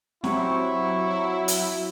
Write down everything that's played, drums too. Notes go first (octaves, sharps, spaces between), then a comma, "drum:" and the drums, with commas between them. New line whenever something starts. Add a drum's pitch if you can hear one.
F#3 C4 E4 G4 C#6, drum: snare
drum: hi-hat